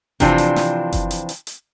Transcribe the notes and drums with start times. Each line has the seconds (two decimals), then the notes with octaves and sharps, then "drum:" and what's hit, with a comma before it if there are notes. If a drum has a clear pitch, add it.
0.20 C3 E3 F3 C4 D4 F4, drum: kick F#1, hi-hat
0.38 drum: hi-hat
0.56 drum: snare
0.92 drum: kick F#1, hi-hat
1.11 drum: hi-hat
1.29 drum: hi-hat
1.47 drum: hi-hat